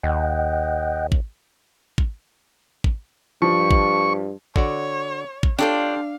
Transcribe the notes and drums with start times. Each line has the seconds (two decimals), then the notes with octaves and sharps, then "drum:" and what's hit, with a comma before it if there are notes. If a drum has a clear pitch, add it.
0.03 D#2 D#5 F#5 G5
1.12 drum: kick
1.98 drum: kick
2.84 drum: kick
3.42 G2 F3 C#6
3.71 drum: kick
4.56 D3 F#4 C#5 D5, drum: kick
5.43 drum: kick
5.59 D4 F4 G4 A4 C5 C#5 F5